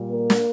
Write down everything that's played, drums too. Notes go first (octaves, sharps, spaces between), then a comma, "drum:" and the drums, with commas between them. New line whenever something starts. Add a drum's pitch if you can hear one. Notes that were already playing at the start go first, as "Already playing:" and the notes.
Already playing: A#2 G3
A#3 A#4
drum: snare